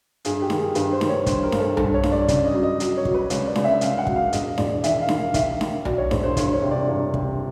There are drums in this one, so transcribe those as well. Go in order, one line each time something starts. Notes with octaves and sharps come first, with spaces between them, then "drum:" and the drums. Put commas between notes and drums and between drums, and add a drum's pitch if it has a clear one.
G1 G#4, drum: hi-hat
G4
D#3, drum: snare D4
G#4
G1 B4, drum: hi-hat
C5
D#3, drum: snare D4
C#5
G2 C5, drum: kick, hi-hat
A#4
G1, drum: snare D4
A4
G2 A4, drum: tom B1
C#5
G1, drum: snare D4
D5
C#3 D5, drum: kick, hi-hat
D#5
F#3
D#5
F#3, drum: hi-hat
C#5
F#3, drum: kick
B4
C#2 C#5, drum: hi-hat
D5
C#2, drum: snare D4
E5
C#2 F5, drum: hi-hat
F#5
F#3, drum: kick
F5
E1 D#5, drum: hi-hat
E1 D5, drum: snare D4
D#3 E5, drum: hi-hat
F5
D#3, drum: snare D4
F5
D#3 E5, drum: kick, hi-hat
D#3, drum: snare D4
F#3 D5, drum: tom B1
C#5
E1 C5, drum: snare D4
C5
G1 C#5, drum: kick, hi-hat
C#5
C3
D5
G1
C3, drum: kick